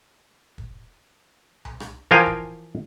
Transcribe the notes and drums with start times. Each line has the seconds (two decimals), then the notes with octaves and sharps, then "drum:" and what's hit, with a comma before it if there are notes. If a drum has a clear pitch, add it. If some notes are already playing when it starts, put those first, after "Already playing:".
0.58 drum: kick
1.65 drum: tom C2
1.80 drum: rim click
2.11 E3 F3 A#4 F5 G5 G#5
2.26 drum: kick